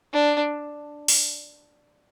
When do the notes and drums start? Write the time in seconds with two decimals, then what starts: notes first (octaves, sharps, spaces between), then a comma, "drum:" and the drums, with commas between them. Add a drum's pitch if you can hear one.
0.13 D4
1.08 drum: open hi-hat